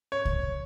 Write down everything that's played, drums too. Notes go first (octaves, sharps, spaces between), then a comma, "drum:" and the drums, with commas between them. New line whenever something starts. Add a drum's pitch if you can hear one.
C#5
drum: kick C2